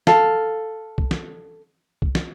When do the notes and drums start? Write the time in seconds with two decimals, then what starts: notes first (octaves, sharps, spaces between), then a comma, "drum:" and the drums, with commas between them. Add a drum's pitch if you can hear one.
0.07 A4 F5, drum: snare
0.98 drum: kick
1.11 drum: snare
2.02 drum: kick
2.15 drum: snare